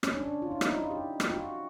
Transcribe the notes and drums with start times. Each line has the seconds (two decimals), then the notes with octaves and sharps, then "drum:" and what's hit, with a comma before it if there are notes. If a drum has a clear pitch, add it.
0.03 C#4, drum: rim click
0.17 D4
0.42 F4
0.51 E4
0.61 D#4, drum: rim click
0.75 F4
0.91 G4
1.20 G4, drum: rim click
1.29 F4
1.34 F#4